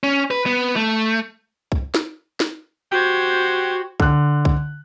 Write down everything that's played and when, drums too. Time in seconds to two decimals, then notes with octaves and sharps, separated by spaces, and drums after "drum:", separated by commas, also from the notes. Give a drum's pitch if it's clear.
0.03 C#4
0.31 B4
0.46 B3
0.76 A3
1.72 drum: kick
1.94 drum: snare
2.40 drum: snare
2.92 F#4 G4 C5 G#6
4.00 D3 F#6, drum: kick
4.45 drum: kick